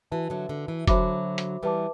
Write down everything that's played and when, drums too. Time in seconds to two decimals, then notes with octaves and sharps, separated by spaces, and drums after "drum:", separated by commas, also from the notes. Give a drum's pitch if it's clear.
0.12 E3 F#4 B4 E5 A5
0.30 D3 F#3
0.49 D3
0.68 E3
0.87 D3 F#3 F#4 C5 E5 B5 D6, drum: kick F1, hi-hat
1.38 drum: hi-hat
1.63 E3 G3 B4 E5 A5 D6